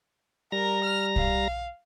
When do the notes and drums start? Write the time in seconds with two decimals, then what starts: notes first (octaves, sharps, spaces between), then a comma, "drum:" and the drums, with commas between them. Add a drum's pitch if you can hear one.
0.52 G3 A#4 A#5 A#6
0.84 F6
1.16 F5, drum: kick